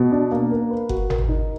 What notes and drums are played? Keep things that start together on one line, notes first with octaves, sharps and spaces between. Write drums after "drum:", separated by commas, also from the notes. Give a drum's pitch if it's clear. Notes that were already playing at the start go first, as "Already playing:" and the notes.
Already playing: B2
D4
A#3
A#4
B4
F#4, drum: kick F#1
A#4, drum: tom G#1
D#4